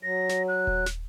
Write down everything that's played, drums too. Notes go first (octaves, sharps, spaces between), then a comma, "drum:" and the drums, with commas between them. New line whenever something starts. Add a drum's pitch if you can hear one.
F#3 A#6
drum: snare
F#6
drum: kick D#1
drum: snare